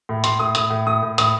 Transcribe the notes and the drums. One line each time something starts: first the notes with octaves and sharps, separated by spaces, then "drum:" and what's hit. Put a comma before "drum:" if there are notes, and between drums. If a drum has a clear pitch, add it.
A2
A2 C6, drum: hi-hat
A2 D#6
A2 D#6, drum: hi-hat
A2
A2 D#6
A2
A2 D#6, drum: hi-hat